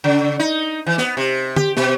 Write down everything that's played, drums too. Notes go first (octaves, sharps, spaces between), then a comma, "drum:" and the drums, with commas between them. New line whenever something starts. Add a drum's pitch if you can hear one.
C#3
D#4
E3
B3, drum: snare
C3
G4, drum: tom
B2, drum: snare